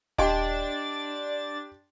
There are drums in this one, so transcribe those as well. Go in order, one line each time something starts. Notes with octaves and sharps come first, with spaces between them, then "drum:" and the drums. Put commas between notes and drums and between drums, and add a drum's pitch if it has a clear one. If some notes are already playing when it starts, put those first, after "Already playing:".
D4 G4 D#5 G5 C6 A6, drum: kick D#1